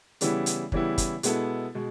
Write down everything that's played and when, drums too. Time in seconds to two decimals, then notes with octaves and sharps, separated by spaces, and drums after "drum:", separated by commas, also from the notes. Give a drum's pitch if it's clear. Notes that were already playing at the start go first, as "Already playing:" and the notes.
0.21 C#3 E3 G3 B3 E4, drum: hi-hat
0.46 drum: hi-hat
0.72 C#3 E3 G3 B3 E4, drum: kick
0.98 drum: kick, hi-hat
1.23 B2 G#3 B3 E4 A4, drum: hi-hat
1.75 B2 G#3